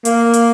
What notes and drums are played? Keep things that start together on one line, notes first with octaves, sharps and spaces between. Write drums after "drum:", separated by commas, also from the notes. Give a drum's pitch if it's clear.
A#3, drum: hi-hat
drum: hi-hat